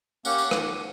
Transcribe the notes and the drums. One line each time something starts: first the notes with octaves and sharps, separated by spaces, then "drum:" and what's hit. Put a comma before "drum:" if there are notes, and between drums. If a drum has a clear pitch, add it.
A#3 C#4 G4 F#5, drum: tambourine
drum: tambourine
drum: rim click